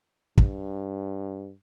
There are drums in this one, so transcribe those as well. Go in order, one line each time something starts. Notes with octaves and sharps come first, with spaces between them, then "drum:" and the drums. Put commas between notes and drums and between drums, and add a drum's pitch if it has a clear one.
G2, drum: kick